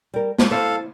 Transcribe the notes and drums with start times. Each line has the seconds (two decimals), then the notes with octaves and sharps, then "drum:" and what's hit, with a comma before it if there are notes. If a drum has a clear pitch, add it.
0.14 G3 A#4
0.38 G#3 F4, drum: snare
0.51 E4 A4 C5 F5